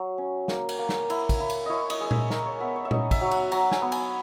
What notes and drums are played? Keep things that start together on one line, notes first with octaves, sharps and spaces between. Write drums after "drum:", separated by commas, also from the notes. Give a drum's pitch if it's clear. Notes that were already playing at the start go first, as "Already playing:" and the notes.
Already playing: F#3
C#4
A#3, drum: snare
drum: cymbal
A#3
drum: snare
E4, drum: cymbal
drum: kick, cymbal
E4
drum: cymbal
E4 C#5 D#5
D#5, drum: cymbal
G#3 D#5
E5, drum: tom A#2
G#3 A#4, drum: snare
C#5
B3 E5
C#5
E5
D#4 D#5, drum: tom A#2
E5, drum: kick, cymbal
F#3
F#5, drum: cymbal
F#3 A#5, drum: cymbal
G#5, drum: snare
B3
G#5, drum: cymbal